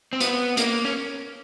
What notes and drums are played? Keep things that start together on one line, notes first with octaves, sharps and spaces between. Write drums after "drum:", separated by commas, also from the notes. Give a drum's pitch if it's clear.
C4
B3, drum: hi-hat
A#3, drum: hi-hat
C#4